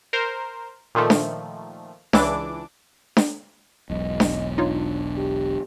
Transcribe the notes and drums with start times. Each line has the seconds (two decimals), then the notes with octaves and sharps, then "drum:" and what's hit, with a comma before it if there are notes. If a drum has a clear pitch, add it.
0.13 A#4 C5
0.95 A#2 D#3 F3 A3
1.10 drum: snare D4
2.13 C#2 E3 D4 D6, drum: snare D4
3.17 drum: snare D4
3.90 E1 B1 D#5
4.20 drum: snare D4
4.58 D4 D#4 F4 C#5
5.18 G4